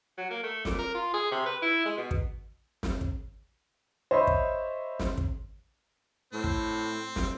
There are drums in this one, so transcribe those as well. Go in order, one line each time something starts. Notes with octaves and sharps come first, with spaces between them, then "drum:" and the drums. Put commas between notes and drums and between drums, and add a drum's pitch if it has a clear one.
F#3
A#3
A3
A#2, drum: snare
A#4
F4
G#4
C3
B4
E4
G#3
B2
drum: kick
drum: snare
drum: kick
C5 C#5 D#5 E5 B5 C6
drum: kick
drum: snare
drum: kick
A2 C4
drum: kick
drum: snare